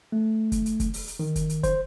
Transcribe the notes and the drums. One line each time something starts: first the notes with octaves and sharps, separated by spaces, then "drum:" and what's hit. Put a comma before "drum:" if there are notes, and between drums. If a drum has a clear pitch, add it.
A3
drum: kick, hi-hat
drum: hi-hat
drum: kick, hi-hat
drum: open hi-hat
drum: hi-hat
D#3
drum: kick, hi-hat
drum: hi-hat
C5, drum: kick, hi-hat